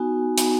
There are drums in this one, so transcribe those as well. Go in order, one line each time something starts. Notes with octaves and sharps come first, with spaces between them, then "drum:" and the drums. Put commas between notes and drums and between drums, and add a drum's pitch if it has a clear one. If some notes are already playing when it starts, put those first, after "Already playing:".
Already playing: B3 D#4 F#4 G#5
B3 D#4 F#4 G#5, drum: hi-hat